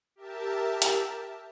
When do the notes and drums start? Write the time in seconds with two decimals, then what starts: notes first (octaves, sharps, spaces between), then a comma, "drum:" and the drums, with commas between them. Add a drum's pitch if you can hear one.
0.16 G4 A#4 E5 A5
0.82 drum: hi-hat